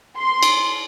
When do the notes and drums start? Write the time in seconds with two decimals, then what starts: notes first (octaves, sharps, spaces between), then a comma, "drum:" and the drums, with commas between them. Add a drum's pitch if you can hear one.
0.16 C6
0.43 drum: cymbal